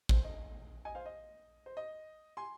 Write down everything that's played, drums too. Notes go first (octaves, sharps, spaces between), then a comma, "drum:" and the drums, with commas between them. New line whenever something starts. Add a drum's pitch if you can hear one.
C5, drum: kick G#1
D#5
D#5 G#5
C5 F5
D#5
C5
D#5
G#5 C6